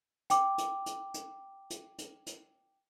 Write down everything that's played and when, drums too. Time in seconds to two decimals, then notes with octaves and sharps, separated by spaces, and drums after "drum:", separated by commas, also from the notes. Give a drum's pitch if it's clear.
0.30 G5 D6, drum: hi-hat
0.58 drum: hi-hat
0.86 drum: hi-hat
1.14 drum: hi-hat
1.70 drum: hi-hat
1.98 drum: hi-hat
2.26 drum: hi-hat